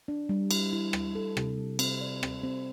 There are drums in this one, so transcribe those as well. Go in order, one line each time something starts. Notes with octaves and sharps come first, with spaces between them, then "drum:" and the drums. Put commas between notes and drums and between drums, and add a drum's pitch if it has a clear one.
D4
G3
E4, drum: cymbal
E4
G3, drum: rim click
A4
C3, drum: rim click
G3
C4, drum: cymbal
D5
C4, drum: rim click
C4